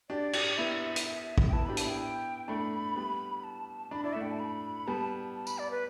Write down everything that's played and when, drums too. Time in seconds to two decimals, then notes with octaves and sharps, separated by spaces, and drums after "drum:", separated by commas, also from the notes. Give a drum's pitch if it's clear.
0.10 D4 G4 D5
0.33 D4 G4, drum: cymbal
0.57 B3 E4 E5
0.96 drum: hi-hat
1.38 drum: kick
1.48 G5
1.53 B3 E4 A5
1.66 D4 G4 B5
1.77 A5, drum: hi-hat
1.85 B3 E4 G5
2.01 G5
2.48 A3 D4 B5
2.96 G3 B3
3.44 A5
3.91 D4 B5
4.04 E4 D5
4.13 A3 D4 E5
4.22 G5
4.31 A5
4.39 B5
4.87 G3 B3 A5
5.34 A5
5.47 B5, drum: tambourine
5.58 D5
5.71 B4